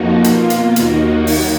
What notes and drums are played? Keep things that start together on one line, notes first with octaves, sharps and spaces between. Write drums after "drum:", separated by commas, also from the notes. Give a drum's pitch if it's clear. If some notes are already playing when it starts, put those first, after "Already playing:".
Already playing: F2 F3 A#3 D#4 F#4
B2 A#3 F4, drum: hi-hat
drum: hi-hat
D#2 D#3 A#3 D#4 F#4, drum: hi-hat
D#2 D#3 F#3, drum: open hi-hat